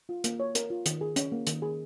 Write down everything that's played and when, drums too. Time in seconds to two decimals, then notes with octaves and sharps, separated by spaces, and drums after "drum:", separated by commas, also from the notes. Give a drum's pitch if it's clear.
0.09 F4
0.24 A#3, drum: hi-hat
0.40 C#5
0.55 A#4, drum: hi-hat
0.70 F4
0.86 D#3, drum: hi-hat
1.01 G#4
1.16 C#4, drum: hi-hat
1.32 A#3
1.47 D#3, drum: hi-hat
1.62 G#4